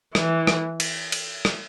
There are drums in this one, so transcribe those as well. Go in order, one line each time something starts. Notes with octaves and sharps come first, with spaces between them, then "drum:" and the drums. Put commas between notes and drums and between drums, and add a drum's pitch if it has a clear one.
E3, drum: rim click
drum: rim click
drum: cymbal
drum: cymbal
drum: rim click